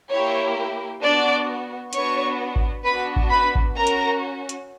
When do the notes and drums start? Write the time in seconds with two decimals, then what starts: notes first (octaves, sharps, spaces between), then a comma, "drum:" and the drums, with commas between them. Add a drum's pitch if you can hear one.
0.10 A#3 E4 G4 C#5
1.02 B3 D4 F#4 D5
1.93 B3 D4 F#4 C#5 C#6, drum: hi-hat
2.56 drum: kick G#1
2.84 B3 D4 F#4 B4 B5
3.16 drum: kick G#1
3.30 B4 B5
3.55 drum: kick G#1
3.76 C#4 F#4 A#4 A#5
3.87 drum: hi-hat
4.49 drum: hi-hat